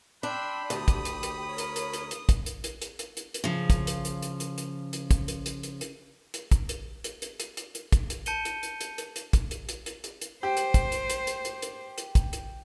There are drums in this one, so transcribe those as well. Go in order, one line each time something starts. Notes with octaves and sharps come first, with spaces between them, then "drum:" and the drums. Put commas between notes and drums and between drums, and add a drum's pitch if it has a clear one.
D4 G5 B5 C6 E6
D2 G4 D#6 D#7, drum: hi-hat
drum: kick, hi-hat
drum: hi-hat
drum: hi-hat
A#4 C#5
drum: hi-hat
drum: hi-hat
drum: hi-hat
drum: hi-hat
drum: kick, hi-hat
drum: hi-hat
drum: hi-hat
drum: hi-hat
drum: hi-hat
drum: hi-hat
drum: hi-hat
C#3 F3
drum: kick, hi-hat
drum: hi-hat
drum: hi-hat
drum: hi-hat
drum: hi-hat
drum: hi-hat
drum: hi-hat
drum: kick, hi-hat
drum: hi-hat
drum: hi-hat
drum: hi-hat
drum: hi-hat
drum: hi-hat
drum: kick, hi-hat
drum: hi-hat
drum: hi-hat
drum: hi-hat
drum: hi-hat
drum: hi-hat
drum: hi-hat
drum: kick, hi-hat
drum: hi-hat
A5 G6 C#7 D#7 G7, drum: hi-hat
drum: hi-hat
drum: hi-hat
drum: hi-hat
drum: hi-hat
drum: hi-hat
drum: kick, hi-hat
drum: hi-hat
drum: hi-hat
drum: hi-hat
drum: hi-hat
drum: hi-hat
G4 C5
drum: hi-hat
drum: kick, hi-hat
drum: hi-hat
drum: hi-hat
drum: hi-hat
drum: hi-hat
drum: hi-hat
drum: hi-hat
drum: kick, hi-hat
drum: hi-hat